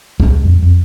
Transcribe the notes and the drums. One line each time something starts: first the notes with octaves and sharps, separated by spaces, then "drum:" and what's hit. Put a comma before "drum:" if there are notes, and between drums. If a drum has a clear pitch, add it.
G#3, drum: kick
F2
F2